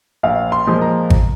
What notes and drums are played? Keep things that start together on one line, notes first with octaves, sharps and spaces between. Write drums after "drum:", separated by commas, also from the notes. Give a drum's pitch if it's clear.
A#1 F5
C6
A#2 F3 G#3
A#5
drum: kick G#1